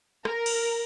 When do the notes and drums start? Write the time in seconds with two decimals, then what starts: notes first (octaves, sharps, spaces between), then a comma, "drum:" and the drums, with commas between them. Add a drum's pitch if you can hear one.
0.25 A#4, drum: rim click
0.46 drum: cymbal